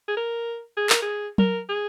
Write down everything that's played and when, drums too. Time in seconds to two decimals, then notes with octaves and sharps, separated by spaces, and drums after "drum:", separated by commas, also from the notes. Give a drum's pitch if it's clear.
0.08 G#4
0.17 A#4
0.77 G#4
0.90 A#4, drum: clap
1.02 G#4
1.38 A#4, drum: tom F#3
1.69 G#4